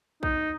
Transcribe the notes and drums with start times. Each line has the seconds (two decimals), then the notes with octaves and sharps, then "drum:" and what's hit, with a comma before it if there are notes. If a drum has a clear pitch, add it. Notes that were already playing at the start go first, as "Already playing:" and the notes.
0.23 D#4, drum: kick A#1